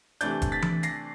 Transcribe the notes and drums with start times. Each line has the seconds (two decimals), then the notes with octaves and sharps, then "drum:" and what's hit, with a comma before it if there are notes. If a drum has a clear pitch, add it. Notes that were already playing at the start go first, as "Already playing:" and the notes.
0.21 C3 E3 A3 D4 G6 A6, drum: hi-hat
0.42 drum: kick F1, hi-hat
0.52 A6 B6
0.62 drum: tom E3
0.83 A#6 C7, drum: hi-hat